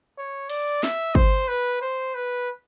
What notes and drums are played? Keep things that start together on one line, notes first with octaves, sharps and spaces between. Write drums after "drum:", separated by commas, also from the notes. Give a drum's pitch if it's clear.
C#5
D5, drum: cymbal
E5, drum: snare
C5, drum: kick
B4
C5
B4